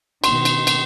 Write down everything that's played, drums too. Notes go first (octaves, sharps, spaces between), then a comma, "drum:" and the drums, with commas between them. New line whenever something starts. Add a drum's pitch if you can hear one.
B2 D#3 C6, drum: cymbal
drum: cymbal
drum: cymbal